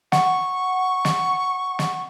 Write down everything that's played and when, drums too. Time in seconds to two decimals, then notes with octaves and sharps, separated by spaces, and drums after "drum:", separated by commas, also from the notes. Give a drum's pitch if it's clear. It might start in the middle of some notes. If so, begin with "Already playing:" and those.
0.12 F#5 C#6, drum: snare
1.05 drum: snare
1.79 drum: snare